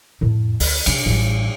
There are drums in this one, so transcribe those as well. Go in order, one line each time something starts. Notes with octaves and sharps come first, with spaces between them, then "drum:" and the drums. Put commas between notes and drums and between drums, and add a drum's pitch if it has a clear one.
F2 A2
D2, drum: open hi-hat
C3 D4, drum: cymbal
A1 G3